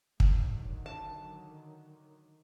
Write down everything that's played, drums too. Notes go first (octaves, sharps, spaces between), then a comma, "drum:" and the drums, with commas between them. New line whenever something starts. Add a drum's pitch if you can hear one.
D3 D#3 F#3, drum: kick
A5